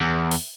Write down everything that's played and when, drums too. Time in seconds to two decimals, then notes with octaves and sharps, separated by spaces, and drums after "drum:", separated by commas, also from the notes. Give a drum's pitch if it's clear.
0.01 E2
0.31 drum: open hi-hat